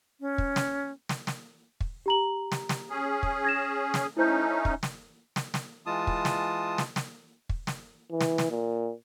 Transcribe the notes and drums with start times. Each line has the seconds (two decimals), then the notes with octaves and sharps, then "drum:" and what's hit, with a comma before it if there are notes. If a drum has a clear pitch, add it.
0.20 C#4
0.38 drum: kick
0.56 drum: snare
1.09 drum: snare
1.27 drum: snare
1.81 drum: kick
2.06 G4 A#5 F#7
2.52 drum: snare
2.69 drum: snare
2.90 C#4 G#4
3.23 drum: kick
3.44 G#6 A#6 E7
3.94 drum: snare
4.17 A3 C#4 D#4 E4 C5 G6
4.65 drum: kick
4.83 drum: snare
5.36 drum: snare
5.54 drum: snare
5.86 E3 G#3 F4 A5 D#6
6.07 drum: kick
6.25 drum: snare
6.78 drum: snare
6.96 drum: snare
7.49 drum: kick
7.67 drum: snare
8.11 E3
8.21 drum: snare
8.38 drum: snare
8.50 A#2